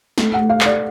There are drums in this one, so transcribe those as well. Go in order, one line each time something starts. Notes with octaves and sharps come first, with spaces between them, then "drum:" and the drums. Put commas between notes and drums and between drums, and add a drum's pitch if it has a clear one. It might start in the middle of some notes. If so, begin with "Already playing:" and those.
A3, drum: snare
F#5
A3
F5
A3 D5, drum: clap